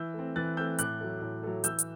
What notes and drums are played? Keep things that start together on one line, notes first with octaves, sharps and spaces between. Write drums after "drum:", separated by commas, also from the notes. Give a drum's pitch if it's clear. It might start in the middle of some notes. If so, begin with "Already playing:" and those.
Already playing: E3 E6 G6
A3 C4
E3 F#6 A6
A3 C4 E6 G6
A2 D6 F#6, drum: hi-hat
F#3 A3
A2
F#3 A3
E3 E6 G6, drum: hi-hat
drum: hi-hat